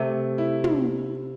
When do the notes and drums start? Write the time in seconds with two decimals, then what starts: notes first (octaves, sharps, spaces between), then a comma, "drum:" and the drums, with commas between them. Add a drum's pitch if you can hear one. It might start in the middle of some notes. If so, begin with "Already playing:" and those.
Already playing: C3 A3
0.38 E4
0.64 drum: tom